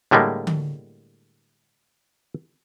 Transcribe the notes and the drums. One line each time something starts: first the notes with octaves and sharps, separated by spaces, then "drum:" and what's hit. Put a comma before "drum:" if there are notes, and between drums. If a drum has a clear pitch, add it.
A2 D3 G3 G#3 A#3
drum: tom D3